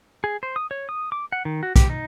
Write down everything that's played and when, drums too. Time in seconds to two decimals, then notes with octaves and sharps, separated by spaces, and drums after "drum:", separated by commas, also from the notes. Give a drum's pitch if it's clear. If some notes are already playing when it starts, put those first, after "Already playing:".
0.24 G#4
0.43 C5
0.56 D#6
0.71 C#5
0.89 D#6
1.12 D6
1.32 F#5
1.45 D#3
1.63 F#4
1.76 G4, drum: kick, hi-hat
1.89 D#4